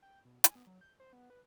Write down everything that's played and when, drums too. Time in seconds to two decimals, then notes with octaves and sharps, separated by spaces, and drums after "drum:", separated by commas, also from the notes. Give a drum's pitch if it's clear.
0.02 G5
0.25 B2
0.44 G#5, drum: hi-hat
0.55 B3
0.67 F#3
0.81 G6
1.00 C5
1.13 B3
1.30 B4